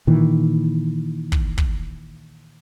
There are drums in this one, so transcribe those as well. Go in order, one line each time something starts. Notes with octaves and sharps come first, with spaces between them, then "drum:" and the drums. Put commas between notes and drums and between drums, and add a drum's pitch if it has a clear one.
A#2 D#3 E3
drum: kick
drum: kick